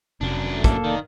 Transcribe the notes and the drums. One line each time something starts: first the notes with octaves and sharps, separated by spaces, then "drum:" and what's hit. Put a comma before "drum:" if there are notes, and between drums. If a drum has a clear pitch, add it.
F1 F#2 C3 D4
A2 A3
A#3 A4, drum: kick, hi-hat
D#3 D#4 D5 F5